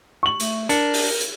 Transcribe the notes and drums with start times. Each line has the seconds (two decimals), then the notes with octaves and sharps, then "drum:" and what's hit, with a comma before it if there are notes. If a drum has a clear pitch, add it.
0.23 C#6 F#7
0.40 A3, drum: hi-hat
0.69 D4 A#4 C#7, drum: hi-hat
0.94 drum: open hi-hat
1.21 drum: hi-hat